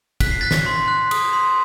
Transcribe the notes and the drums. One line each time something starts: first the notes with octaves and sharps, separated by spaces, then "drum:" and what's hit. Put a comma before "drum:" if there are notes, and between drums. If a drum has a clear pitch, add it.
F#6 B6, drum: kick, cymbal
C7
F#6 A6 B6
drum: snare
C6
F#6
D#6, drum: cymbal
C6